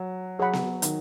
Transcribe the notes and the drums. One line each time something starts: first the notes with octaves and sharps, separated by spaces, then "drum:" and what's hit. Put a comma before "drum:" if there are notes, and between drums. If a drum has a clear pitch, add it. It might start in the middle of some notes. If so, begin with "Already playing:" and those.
Already playing: F#3
F#3 G#4 C#5 F#5 B5
drum: snare B3
D#3, drum: hi-hat